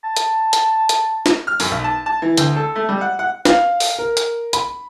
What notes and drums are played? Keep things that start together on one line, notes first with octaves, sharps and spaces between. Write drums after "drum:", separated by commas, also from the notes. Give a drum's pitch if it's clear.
A5
drum: hi-hat
drum: hi-hat
drum: hi-hat
drum: snare
F6
F#2, drum: open hi-hat
B1
A5
A5
E3
D2, drum: hi-hat
A4
A3
G3
F#5
F#5
F5, drum: snare
drum: open hi-hat
A#4
drum: hi-hat
B5, drum: hi-hat